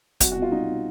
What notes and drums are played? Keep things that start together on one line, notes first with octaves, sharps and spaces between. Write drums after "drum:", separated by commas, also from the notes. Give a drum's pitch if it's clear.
C2 F#4, drum: kick, hi-hat
B2 F#4
F4
C2 D#4
B2